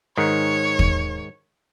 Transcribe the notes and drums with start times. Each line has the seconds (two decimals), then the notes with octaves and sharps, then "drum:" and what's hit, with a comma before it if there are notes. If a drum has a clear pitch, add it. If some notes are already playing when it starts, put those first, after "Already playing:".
0.17 G#2 D#3 C#5
0.79 drum: kick